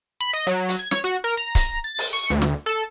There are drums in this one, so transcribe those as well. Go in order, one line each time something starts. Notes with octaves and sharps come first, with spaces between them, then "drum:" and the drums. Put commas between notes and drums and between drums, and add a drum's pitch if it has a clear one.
B5
D#5
F#3
drum: hi-hat
G#6
C#5, drum: snare
F#4
A#4
A#5
drum: kick C#1, hi-hat
A6
drum: open hi-hat
C#6
D2
drum: snare
A4